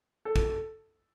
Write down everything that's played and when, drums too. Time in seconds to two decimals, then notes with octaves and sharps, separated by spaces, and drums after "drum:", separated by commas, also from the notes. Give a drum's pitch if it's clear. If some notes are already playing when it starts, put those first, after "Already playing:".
0.25 A4
0.36 drum: kick